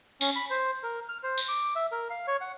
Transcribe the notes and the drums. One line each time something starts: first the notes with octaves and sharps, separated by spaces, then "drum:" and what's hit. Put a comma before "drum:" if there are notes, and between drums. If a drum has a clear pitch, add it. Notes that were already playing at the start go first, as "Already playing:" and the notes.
C#4, drum: tambourine
B5
C5
A#4
F6
C5
drum: tambourine
D6
E5
A#4
F5
C#5
F#5